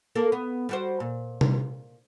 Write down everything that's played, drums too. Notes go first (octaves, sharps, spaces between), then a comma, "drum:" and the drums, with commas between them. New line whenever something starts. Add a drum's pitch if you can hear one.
A#3 A4 A#4
B3
G3 F#4 C5
A#2
drum: tom C3